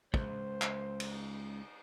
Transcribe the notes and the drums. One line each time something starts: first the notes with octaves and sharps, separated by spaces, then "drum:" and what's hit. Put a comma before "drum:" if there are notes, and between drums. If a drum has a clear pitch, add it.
C#2 C5, drum: kick
drum: clap
drum: cymbal